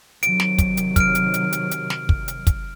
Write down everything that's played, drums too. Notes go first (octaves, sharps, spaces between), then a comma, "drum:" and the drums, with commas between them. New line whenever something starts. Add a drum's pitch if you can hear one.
C3 D#3 F#3 D7, drum: hi-hat
drum: snare
drum: kick, hi-hat
drum: hi-hat
F6 D7, drum: kick, hi-hat
drum: hi-hat
drum: hi-hat
drum: hi-hat
drum: hi-hat
drum: snare
drum: kick
drum: hi-hat
drum: kick, hi-hat